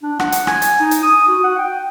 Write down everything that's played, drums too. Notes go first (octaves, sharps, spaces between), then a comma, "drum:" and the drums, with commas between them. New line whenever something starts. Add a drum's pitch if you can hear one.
D4
F#5, drum: rim click
drum: hi-hat
G#5, drum: rim click
drum: hi-hat
D#4
drum: hi-hat
D#6
F#4
F#5
G5